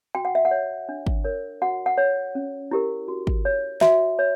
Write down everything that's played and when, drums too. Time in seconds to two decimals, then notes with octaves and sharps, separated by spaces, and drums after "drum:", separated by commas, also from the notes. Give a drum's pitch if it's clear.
0.15 F#4 G5
0.25 F#5
0.35 E5
0.45 F#5
0.51 C#5
0.89 D4
1.07 drum: kick G#1
1.24 A#4 C#5
1.62 F#4 F#5
1.86 F#5
1.98 C#5
2.35 C#4
2.71 E4 G4 A#4
3.08 F#4
3.27 drum: kick G#1
3.45 C#5
3.81 F#4 E5, drum: snare
4.19 C#5